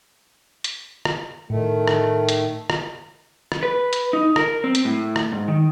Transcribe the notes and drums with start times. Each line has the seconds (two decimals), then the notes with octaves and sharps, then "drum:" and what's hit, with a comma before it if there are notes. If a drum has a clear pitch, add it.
0.64 drum: hi-hat
1.05 drum: rim click
1.50 A2 D#3 A3
1.88 drum: rim click
2.29 drum: hi-hat
2.70 drum: rim click
3.52 drum: rim click
3.63 B4
3.93 drum: hi-hat
4.13 D#4
4.36 A#4, drum: rim click
4.64 C4
4.75 drum: hi-hat
4.85 A2
5.16 drum: rim click
5.33 G#2
5.48 D#3